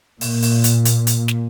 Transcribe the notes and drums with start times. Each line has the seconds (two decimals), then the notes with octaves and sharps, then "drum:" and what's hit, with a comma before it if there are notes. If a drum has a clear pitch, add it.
0.21 A#2, drum: open hi-hat
0.42 drum: open hi-hat
0.64 drum: hi-hat
0.85 drum: hi-hat
1.07 drum: hi-hat
1.28 drum: snare